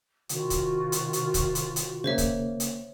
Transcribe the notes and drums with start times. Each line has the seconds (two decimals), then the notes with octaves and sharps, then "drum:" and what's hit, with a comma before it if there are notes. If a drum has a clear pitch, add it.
0.29 C3 D#3 F4 F#4, drum: hi-hat
0.50 drum: kick C#1, hi-hat
0.92 drum: hi-hat
1.13 drum: hi-hat
1.34 drum: kick C#1, hi-hat
1.55 drum: hi-hat
1.76 drum: hi-hat
2.04 C#3 A#3 C5 C#5 E5
2.18 drum: kick C#1, hi-hat
2.60 drum: hi-hat